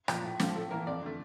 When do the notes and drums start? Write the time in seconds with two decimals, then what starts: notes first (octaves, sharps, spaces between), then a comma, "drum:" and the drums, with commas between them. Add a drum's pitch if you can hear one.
0.08 A#2 F3, drum: rim click
0.24 A2
0.40 F3 A3 C4, drum: snare
0.55 A2 A4
0.71 E3 A#3 A#4
0.87 F2 D5
1.03 D3 A3